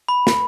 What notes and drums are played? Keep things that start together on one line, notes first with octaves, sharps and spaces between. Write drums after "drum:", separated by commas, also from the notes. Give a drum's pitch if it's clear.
B5
drum: snare